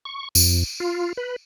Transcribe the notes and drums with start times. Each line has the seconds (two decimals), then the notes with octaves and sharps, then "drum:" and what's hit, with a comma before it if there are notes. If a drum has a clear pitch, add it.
0.05 C#6
0.35 F2, drum: tambourine
0.80 F4
1.17 B4